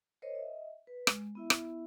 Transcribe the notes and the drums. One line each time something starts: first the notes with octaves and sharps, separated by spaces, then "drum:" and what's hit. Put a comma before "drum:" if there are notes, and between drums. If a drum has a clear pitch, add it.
A#4 C5 C#5 D#5
D#5 E5
B4
G#3, drum: rim click
B3 E4 E5
drum: rim click